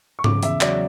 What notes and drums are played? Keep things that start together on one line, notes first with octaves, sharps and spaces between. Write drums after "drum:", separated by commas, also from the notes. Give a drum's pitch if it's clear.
C#6
C#3 D6, drum: tom G#2
E2 E5, drum: hi-hat
F#3 D5, drum: clap